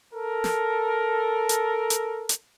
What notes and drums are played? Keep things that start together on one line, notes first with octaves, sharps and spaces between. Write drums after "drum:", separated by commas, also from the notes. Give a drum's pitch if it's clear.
A4 A#4
drum: snare
drum: hi-hat
drum: hi-hat
drum: hi-hat